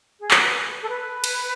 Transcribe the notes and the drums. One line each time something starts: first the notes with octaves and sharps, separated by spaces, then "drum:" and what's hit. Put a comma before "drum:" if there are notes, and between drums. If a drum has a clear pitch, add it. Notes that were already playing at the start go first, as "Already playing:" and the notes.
G#4
A4, drum: clap
B4
A4
B4
drum: cymbal